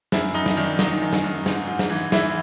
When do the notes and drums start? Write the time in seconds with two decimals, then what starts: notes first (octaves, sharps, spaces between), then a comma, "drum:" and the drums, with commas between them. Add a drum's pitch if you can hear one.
0.12 F#2 E4, drum: snare
0.34 F#2 D#4
0.46 drum: snare
0.57 D#3 D4
0.79 D#3 D#4, drum: snare
1.02 F#2
1.13 drum: snare
1.24 F#2
1.46 G#2, drum: snare
1.68 G#2
1.79 drum: snare
1.90 E3
2.12 E3 E4, drum: snare